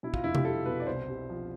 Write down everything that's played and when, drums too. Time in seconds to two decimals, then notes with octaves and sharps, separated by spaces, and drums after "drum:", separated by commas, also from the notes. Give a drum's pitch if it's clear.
0.03 B2 E4
0.14 F4, drum: kick
0.24 F1 E4
0.35 G4, drum: tom C3
0.45 G3 A4
0.66 B2 B4
0.80 D5
0.87 C2 C5
1.08 C3
1.30 F3